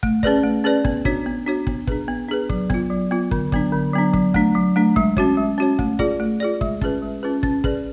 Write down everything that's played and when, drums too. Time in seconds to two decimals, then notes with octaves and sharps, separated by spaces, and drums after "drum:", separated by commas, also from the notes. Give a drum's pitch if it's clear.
0.03 A3, drum: kick
0.23 C#4 G#4 B4 D5, drum: kick
0.43 A3
0.64 C#4 G#4 B4 D5
0.85 B3, drum: kick
1.05 D4 F#4 C#5, drum: kick
1.26 B3
1.47 D4 F#4 C#5
1.67 B3, drum: kick
1.87 D4 G#4 B4, drum: kick
2.08 B3
2.29 D4 G#4 B4
2.50 F#3, drum: kick
2.70 B3 F4, drum: kick
2.90 F#3
3.11 B3 F4
3.31 D3, drum: kick
3.52 F#3 B3 D4, drum: kick
3.73 D3
3.94 F#3 B3 D4
4.14 F#3, drum: kick
4.34 A3 D4, drum: kick
4.55 F#3
4.76 A3 D4
4.96 G#3, drum: kick
5.17 C#4 F#4 C#5, drum: kick
5.37 G#3
5.58 C#4 F#4 C#5
5.79 A3, drum: kick
5.99 F4 G#4 D5, drum: kick
6.20 A3
6.40 F4 G#4 D5
6.61 G#3, drum: kick
6.81 C#4 F4 G#4 B4, drum: kick
7.02 G#3
7.23 C#4 F4 G#4 B4
7.43 C#4, drum: kick
7.64 G#4 B4 D5, drum: kick